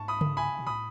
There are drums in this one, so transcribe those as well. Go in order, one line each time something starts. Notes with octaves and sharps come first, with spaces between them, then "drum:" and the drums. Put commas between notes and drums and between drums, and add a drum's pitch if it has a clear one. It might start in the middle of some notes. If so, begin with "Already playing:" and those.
Already playing: G#2 A5 C#6
B5 D#6
drum: tom C#3
G#5 B5
B2
A2 B5 D#6